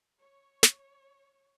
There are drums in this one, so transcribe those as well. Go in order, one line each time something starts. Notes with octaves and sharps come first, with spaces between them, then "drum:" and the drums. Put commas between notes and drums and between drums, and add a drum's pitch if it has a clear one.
C#5
drum: snare